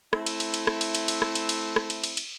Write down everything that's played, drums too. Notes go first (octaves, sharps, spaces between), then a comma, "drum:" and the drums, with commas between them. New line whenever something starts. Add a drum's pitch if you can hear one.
A3 C4 E4, drum: rim click
drum: cymbal
drum: cymbal
drum: cymbal
drum: rim click
drum: cymbal
drum: cymbal
drum: cymbal
drum: rim click
drum: cymbal
drum: cymbal
drum: rim click
drum: cymbal
drum: cymbal
drum: cymbal